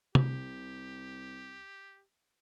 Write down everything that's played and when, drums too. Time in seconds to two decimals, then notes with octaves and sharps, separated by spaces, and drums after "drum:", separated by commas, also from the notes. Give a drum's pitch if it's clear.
0.15 C2 G4, drum: tom C3